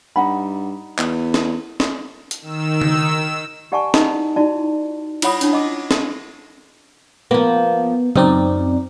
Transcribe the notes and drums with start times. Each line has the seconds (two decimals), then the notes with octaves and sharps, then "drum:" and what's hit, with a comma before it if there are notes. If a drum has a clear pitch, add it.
0.16 G2 D#4 F#5 B5
0.98 E2, drum: clap
1.34 drum: snare
1.80 drum: snare
2.31 drum: hi-hat
2.41 D#3 E6
2.82 drum: tom C#3
3.72 G4 D5 F#5 G#5 A5 C#6
3.94 D#4 E4 D#5 A5 A#5, drum: snare
4.36 D#4 E4 F#4 D5 A5
5.22 E4 F4 C#5 F#5 B5 D#6, drum: cymbal
5.41 C#4 D4 E4, drum: hi-hat
5.53 D#5 F#5 D6
5.91 drum: snare
7.31 F3 A#3 B3
8.16 F#2 C4 D#4 D5, drum: tom C#3